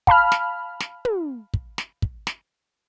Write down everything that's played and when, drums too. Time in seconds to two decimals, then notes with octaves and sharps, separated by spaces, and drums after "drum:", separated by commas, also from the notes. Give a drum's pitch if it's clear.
0.07 F5 A5 B5 F6, drum: kick
0.32 drum: snare
0.80 drum: snare
1.05 drum: tom
1.54 drum: kick
1.78 drum: snare
2.02 drum: kick
2.27 drum: snare